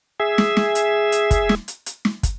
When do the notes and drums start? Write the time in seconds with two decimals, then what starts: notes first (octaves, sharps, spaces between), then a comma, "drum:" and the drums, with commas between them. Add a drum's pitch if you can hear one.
0.20 G#4 E5
0.38 drum: snare
0.57 drum: snare
0.75 drum: hi-hat
1.12 drum: hi-hat
1.31 drum: kick, hi-hat
1.49 drum: snare
1.68 drum: hi-hat
1.86 drum: hi-hat
2.05 drum: snare
2.23 drum: kick, hi-hat